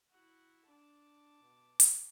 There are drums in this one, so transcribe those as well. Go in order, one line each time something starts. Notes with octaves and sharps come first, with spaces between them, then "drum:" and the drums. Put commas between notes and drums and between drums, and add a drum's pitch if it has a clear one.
E4 F#4
D4 A5 D6
B2
drum: hi-hat